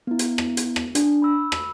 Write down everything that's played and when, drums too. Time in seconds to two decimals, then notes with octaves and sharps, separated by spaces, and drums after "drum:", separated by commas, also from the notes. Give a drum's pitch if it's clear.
0.07 B3 E4
0.19 drum: hi-hat
0.38 drum: rim click
0.57 drum: hi-hat
0.76 drum: rim click
0.95 D4, drum: hi-hat
1.22 B5 E6
1.52 drum: rim click